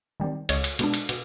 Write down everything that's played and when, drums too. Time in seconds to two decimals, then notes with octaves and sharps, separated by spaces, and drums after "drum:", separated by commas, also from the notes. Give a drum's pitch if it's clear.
0.20 D#3 G3 C4
0.49 C#2 C#5 D#5, drum: cymbal
0.64 drum: cymbal
0.79 B2 G#3 B3 D4, drum: cymbal
0.94 drum: cymbal
1.09 B2, drum: cymbal